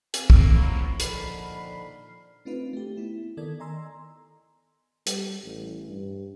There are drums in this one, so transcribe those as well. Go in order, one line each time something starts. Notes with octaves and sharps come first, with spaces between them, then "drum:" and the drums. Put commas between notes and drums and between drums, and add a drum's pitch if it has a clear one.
C4 A#4 F5 G#5, drum: hi-hat
F#2 A3 A#3 E6, drum: kick
F3 F#3 E4 C#6
A#2 D3 D#3 F3 B5 F6 C7, drum: hi-hat
A3 C4 D4 D#4 F4 B4
A3 G4
B3 E4
D#3 B3 A4 A#4 D5 G#6
D#5 G#5 A#5 C6 E6
G3, drum: hi-hat
A1
G2